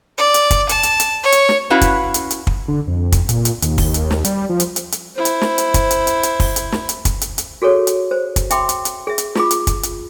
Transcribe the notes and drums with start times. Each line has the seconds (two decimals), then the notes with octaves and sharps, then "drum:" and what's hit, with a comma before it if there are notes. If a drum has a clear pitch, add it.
0.18 D5
0.34 drum: hi-hat
0.51 drum: kick, hi-hat
0.69 A5, drum: hi-hat
0.83 drum: hi-hat
1.00 drum: hi-hat
1.23 C#5
1.32 drum: hi-hat
1.49 drum: snare
1.70 C#4 E4 F#4 B4 F5
1.81 drum: kick, hi-hat
2.14 drum: hi-hat
2.31 drum: hi-hat
2.47 drum: kick
2.68 D3
2.87 F2
3.12 drum: kick, hi-hat
3.29 A#2, drum: hi-hat
3.45 drum: hi-hat
3.62 D#2, drum: hi-hat
3.78 drum: kick, open hi-hat
3.94 drum: hi-hat
4.11 drum: snare
4.25 G3, drum: hi-hat
4.49 F3
4.60 drum: hi-hat
4.76 drum: hi-hat
4.92 drum: hi-hat
5.16 E4 C5
5.25 drum: hi-hat
5.41 drum: snare
5.58 drum: hi-hat
5.74 drum: kick, hi-hat
5.91 drum: hi-hat
6.07 drum: hi-hat
6.23 drum: hi-hat
6.40 drum: kick, open hi-hat
6.56 drum: hi-hat
6.72 drum: snare
6.89 drum: hi-hat
7.05 drum: kick, hi-hat
7.21 drum: hi-hat
7.38 drum: hi-hat
7.62 F#4 G#4 A4 C#5
7.87 drum: hi-hat
8.11 C5
8.36 drum: kick, hi-hat
8.50 E5 G5 B5 C6 D6, drum: hi-hat
8.69 drum: hi-hat
8.85 drum: hi-hat
9.07 G#4 E5
9.18 drum: hi-hat
9.35 F4 G#4 B5 D6, drum: snare
9.51 drum: hi-hat
9.67 drum: kick, hi-hat
9.83 drum: hi-hat